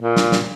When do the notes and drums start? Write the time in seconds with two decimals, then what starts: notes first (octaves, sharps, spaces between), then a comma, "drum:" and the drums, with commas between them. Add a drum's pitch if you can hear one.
0.01 A#2
0.17 drum: snare
0.32 drum: snare